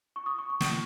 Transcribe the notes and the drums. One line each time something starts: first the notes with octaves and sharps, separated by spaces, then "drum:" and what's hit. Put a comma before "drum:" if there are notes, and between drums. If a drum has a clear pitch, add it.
C#6
D#6
C#6
C#6
drum: snare